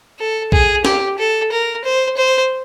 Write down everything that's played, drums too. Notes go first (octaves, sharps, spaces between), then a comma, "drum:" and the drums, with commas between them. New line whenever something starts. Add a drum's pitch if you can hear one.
A4
G#4, drum: kick B1
G4, drum: snare
A4
A#4
C5
C5